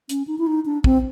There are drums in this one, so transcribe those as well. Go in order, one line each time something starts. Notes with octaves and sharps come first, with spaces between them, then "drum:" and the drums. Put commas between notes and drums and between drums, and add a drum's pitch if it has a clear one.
C#4, drum: hi-hat
D#4
E4
D#4
D4
C4, drum: kick